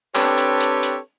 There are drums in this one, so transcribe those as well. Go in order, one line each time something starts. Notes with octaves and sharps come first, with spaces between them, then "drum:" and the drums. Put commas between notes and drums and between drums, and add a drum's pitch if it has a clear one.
C4 D4 G4 A4 B4 C#5, drum: clap
drum: hi-hat
drum: hi-hat
drum: hi-hat